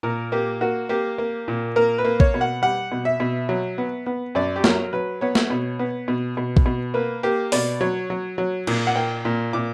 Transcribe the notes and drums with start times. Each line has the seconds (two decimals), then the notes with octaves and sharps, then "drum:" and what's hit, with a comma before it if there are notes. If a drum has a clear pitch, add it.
0.03 A#2 A#4
0.32 A#3 G4
0.61 A#3 F#4
0.89 A#3 G4
1.18 A#3
1.48 A#2
1.76 A#3 A#4
1.98 B4
2.05 A#3
2.20 C#5, drum: kick A1
2.34 B2
2.41 F#5
2.62 G3 F#5
2.92 B2
3.05 E5
3.20 B2
3.49 F#3
3.78 B3
4.06 B3
4.35 F#2 D5
4.56 G4
4.64 F#3 A#4, drum: snare
4.93 F#3 B4
5.21 B3 C#5
5.35 drum: snare
5.50 B2
5.79 B3
6.08 B2
6.37 B2
6.57 drum: kick A1
6.66 B2
6.94 A#3 B4
7.23 A#3 G4
7.52 B2 D5, drum: open hi-hat
7.81 F#3 C#5
8.10 F#3
8.38 F#3
8.67 A#2, drum: cymbal
8.87 F#5
8.96 A#3 G5
9.25 A#2
9.53 A#2 D6